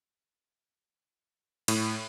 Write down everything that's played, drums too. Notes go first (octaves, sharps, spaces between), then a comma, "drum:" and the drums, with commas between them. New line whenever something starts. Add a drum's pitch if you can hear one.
A2, drum: cymbal